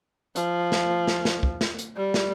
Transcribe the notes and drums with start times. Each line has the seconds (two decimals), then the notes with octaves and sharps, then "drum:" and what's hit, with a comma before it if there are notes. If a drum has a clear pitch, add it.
0.36 F3, drum: hi-hat
0.72 drum: snare
1.07 drum: snare
1.25 drum: snare
1.43 drum: kick
1.61 drum: snare
1.79 drum: hi-hat
1.97 G3
2.14 drum: snare